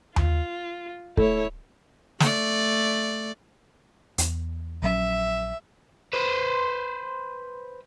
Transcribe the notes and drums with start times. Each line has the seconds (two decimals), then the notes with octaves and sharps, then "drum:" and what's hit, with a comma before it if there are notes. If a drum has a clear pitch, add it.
0.16 F4, drum: tom D#2
1.17 A3 E4 C#5, drum: kick
2.20 A3 D5, drum: snare
4.18 E2, drum: hi-hat
4.82 A#1 F#3 C#4 E5
6.13 B4 C5